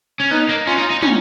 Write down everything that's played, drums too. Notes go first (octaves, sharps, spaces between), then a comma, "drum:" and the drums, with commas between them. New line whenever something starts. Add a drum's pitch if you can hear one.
C#4
B3 D#4
A#3
C#4 F4
D#4
D#4
C#4, drum: tom